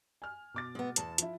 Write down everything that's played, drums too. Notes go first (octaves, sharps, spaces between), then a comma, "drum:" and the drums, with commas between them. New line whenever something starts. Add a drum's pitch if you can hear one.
G#5 F6
B2 D6 A6
G#3 B3
E2 A5, drum: hi-hat
F3 E4, drum: hi-hat